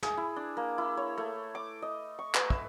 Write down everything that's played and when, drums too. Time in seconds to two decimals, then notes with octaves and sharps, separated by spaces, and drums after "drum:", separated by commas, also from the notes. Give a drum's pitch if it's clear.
0.03 G#4, drum: snare
0.17 E4
0.36 D4
0.57 A#3
0.78 E4
0.97 C#5
1.18 A3
1.55 D6
1.82 D#5
2.19 C#6
2.35 B4, drum: clap
2.50 E5, drum: kick